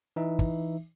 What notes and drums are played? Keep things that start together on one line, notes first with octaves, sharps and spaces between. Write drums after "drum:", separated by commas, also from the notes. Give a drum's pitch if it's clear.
E3 D#4 E5
drum: kick